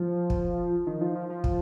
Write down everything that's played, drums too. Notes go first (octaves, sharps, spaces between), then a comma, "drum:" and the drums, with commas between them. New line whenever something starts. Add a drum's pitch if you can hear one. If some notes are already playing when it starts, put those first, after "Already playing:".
Already playing: F3
drum: kick
D#3
F3
F3
F3
drum: kick